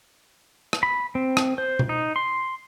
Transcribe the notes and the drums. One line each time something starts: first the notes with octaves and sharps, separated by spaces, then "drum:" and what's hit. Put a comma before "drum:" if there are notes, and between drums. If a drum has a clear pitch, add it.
drum: rim click
B5
C4
drum: rim click
C5
drum: tom B2
D#4
C6